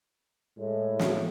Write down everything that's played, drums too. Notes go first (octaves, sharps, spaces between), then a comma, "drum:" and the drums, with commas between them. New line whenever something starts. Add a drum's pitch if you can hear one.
A2 G#3
drum: snare